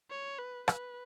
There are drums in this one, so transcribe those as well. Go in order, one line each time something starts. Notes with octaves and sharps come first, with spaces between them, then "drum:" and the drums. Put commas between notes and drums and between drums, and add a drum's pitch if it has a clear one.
C#5
B4
B4, drum: rim click